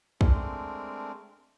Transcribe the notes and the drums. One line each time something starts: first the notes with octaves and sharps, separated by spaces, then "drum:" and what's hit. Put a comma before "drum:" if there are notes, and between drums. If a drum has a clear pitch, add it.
G#3 A3 C4 D4 A#4, drum: kick